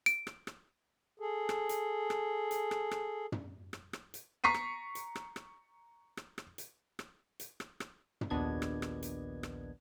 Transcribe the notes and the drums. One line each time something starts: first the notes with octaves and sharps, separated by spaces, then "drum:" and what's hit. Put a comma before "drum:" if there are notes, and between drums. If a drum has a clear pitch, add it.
D7, drum: hi-hat
drum: rim click
drum: rim click
G#4 A4
drum: rim click
drum: hi-hat
drum: rim click
drum: hi-hat
drum: rim click
drum: rim click
drum: tom
drum: rim click
drum: rim click
drum: hi-hat
A#5 C#6 B6 C7 D#7
drum: rim click
drum: hi-hat
drum: rim click
drum: rim click
drum: rim click
drum: rim click
drum: hi-hat
drum: rim click
drum: hi-hat
drum: rim click
drum: rim click
drum: tom
A#1 D#2 B3 D4 D#5 G#6
drum: rim click
drum: rim click
drum: hi-hat
drum: rim click